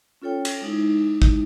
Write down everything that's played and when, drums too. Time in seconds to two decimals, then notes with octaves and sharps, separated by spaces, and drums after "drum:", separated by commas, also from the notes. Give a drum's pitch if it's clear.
0.22 C#4 F4 A4 C#5 G5
0.45 drum: cymbal
0.61 G#3 D#4 E4
1.22 drum: kick